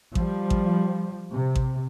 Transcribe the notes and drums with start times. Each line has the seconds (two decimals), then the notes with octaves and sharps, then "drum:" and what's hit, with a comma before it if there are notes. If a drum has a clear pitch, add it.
0.15 F3 G3, drum: kick A1
0.50 drum: kick A1
1.32 C3
1.56 drum: kick A1